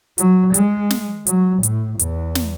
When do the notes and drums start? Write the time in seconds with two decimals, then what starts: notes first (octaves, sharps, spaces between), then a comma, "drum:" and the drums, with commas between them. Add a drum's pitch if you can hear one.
0.18 F#3, drum: hi-hat
0.54 G#3, drum: hi-hat
0.90 drum: snare
1.27 F#3, drum: hi-hat
1.63 A2, drum: hi-hat
1.99 E2, drum: hi-hat
2.35 drum: snare